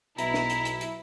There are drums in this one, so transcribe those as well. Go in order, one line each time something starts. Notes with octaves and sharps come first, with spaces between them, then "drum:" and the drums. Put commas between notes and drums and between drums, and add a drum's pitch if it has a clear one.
B1 B2 E4 A#5 B6, drum: hi-hat
drum: snare
drum: hi-hat
drum: hi-hat
drum: hi-hat